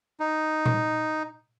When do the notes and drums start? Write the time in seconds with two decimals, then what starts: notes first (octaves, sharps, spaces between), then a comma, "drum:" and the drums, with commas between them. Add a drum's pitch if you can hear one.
0.20 D#4
0.66 drum: tom A#2